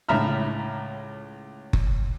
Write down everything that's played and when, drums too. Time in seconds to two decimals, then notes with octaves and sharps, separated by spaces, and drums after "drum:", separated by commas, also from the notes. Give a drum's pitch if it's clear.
0.09 C#2 A2 E5 A#5 B5 F6
1.73 drum: kick F#1